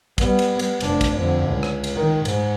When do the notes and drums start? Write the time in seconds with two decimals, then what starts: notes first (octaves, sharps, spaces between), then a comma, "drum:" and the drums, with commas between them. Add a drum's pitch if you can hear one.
0.18 G3 B3, drum: kick, cymbal
0.39 drum: cymbal
0.59 drum: cymbal
0.81 F1 D4, drum: cymbal
1.01 drum: kick, cymbal
1.17 F2 D3
1.48 C#2
1.63 drum: rim click
1.84 drum: cymbal
1.96 D#3
2.25 G#2, drum: cymbal